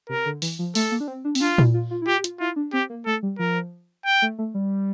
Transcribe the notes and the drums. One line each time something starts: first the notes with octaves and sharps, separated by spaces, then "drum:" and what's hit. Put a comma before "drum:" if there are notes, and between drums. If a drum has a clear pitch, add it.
C3 A#4
D3
E3, drum: open hi-hat
F3
A3 A4, drum: open hi-hat
A#3
D4
C4
D4
C4, drum: open hi-hat
D4 F4
E4, drum: tom A#2
F4
F4
E4
F4 G4
G4
F4, drum: hi-hat
E4 F4
D4
C4 G4
A#3
A3 A4
G3
F3 A#4
G5
A3
A3
G3